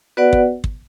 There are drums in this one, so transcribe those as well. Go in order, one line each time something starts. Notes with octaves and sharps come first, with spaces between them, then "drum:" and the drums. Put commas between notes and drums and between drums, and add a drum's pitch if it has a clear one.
B3 F#4 B4 D5 F#5
drum: kick
drum: kick